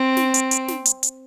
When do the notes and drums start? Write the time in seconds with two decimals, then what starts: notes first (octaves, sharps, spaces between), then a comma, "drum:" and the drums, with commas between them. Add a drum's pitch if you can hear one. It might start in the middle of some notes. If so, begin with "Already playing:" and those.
Already playing: C4
0.17 drum: snare
0.34 drum: hi-hat
0.51 drum: hi-hat
0.68 drum: snare
0.86 drum: hi-hat
1.03 drum: hi-hat